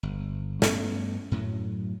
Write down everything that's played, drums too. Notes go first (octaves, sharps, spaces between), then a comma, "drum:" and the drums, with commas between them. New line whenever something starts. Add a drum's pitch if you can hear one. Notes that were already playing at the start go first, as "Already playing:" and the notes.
G1
G2 A3 B3 C#4, drum: snare
F#2 A2 F#3